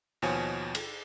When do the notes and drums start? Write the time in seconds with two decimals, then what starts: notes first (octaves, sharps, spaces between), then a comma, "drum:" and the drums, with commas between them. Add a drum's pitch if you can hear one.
0.22 D#2 B2 F3 C#5 G#5 G#6
0.75 drum: cymbal